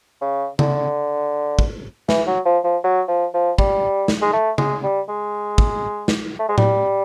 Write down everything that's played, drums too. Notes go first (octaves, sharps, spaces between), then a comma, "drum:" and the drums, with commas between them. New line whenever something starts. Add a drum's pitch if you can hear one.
C#3
D3, drum: tom C#3
drum: kick
E3, drum: snare
F#3
F3
F3
F#3
F3
F3
G3, drum: kick
drum: snare
G#3
A3
G#3, drum: tom C#3
G3
G#3
drum: kick
drum: snare
A3
G#3
G3, drum: tom A2